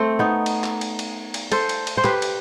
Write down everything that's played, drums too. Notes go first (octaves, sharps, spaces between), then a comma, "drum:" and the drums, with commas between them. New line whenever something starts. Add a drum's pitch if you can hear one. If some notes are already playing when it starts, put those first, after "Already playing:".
Already playing: A3 C4
B3 D#4
drum: cymbal
drum: clap
drum: cymbal
drum: cymbal
drum: cymbal
A4 C5, drum: cymbal
drum: cymbal
drum: cymbal
C5
G4 B4, drum: clap
drum: cymbal